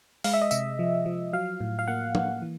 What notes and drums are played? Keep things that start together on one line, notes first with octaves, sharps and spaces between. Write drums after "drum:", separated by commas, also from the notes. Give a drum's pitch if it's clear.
G#3 F5, drum: open hi-hat
E5
D#5
C3 E5, drum: tambourine
F3
F3
F#3 F5
A2
F5
A#3 F#5
A#3, drum: tom F3
E3